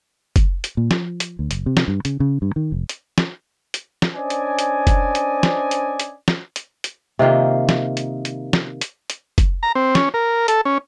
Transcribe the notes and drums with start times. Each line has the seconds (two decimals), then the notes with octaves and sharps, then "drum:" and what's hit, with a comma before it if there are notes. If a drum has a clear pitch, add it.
0.36 drum: kick, hi-hat
0.64 drum: hi-hat
0.77 A#2
0.91 F3, drum: snare
1.20 drum: hi-hat
1.39 D2
1.51 F#1, drum: hi-hat
1.66 C3
1.77 drum: snare
1.88 G2
2.05 C#3, drum: hi-hat
2.20 C#3
2.42 G2
2.56 D#3
2.72 F1
2.89 drum: hi-hat
3.18 drum: snare
3.74 drum: hi-hat
4.02 drum: snare
4.14 C#4 D4 C5 D5 D#5 G#5
4.30 drum: hi-hat
4.59 drum: hi-hat
4.87 drum: kick, hi-hat
5.15 drum: hi-hat
5.43 drum: snare
5.71 drum: hi-hat
6.00 drum: hi-hat
6.28 drum: snare
6.56 drum: hi-hat
6.84 drum: hi-hat
7.19 C3 D#3 A#3 F4
7.69 drum: snare
7.97 drum: hi-hat
8.25 drum: hi-hat
8.53 drum: snare
8.81 drum: hi-hat
9.10 drum: hi-hat
9.38 drum: kick, hi-hat
9.63 A#5
9.75 C4
9.95 C#4, drum: snare
10.14 A#4
10.48 A4, drum: hi-hat
10.65 C#4